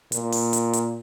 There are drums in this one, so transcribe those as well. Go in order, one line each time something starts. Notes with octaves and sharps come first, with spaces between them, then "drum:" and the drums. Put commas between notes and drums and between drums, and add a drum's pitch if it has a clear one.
A#2, drum: hi-hat
drum: open hi-hat
drum: hi-hat
drum: hi-hat